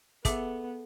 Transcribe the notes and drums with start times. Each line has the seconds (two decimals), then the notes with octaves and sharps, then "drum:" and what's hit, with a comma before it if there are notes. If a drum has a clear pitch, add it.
0.25 B3 G#4 A4 E5 D6, drum: kick, hi-hat